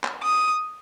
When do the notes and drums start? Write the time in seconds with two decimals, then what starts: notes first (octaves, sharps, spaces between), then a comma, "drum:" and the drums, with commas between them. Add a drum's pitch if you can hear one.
0.04 drum: clap
0.23 D#6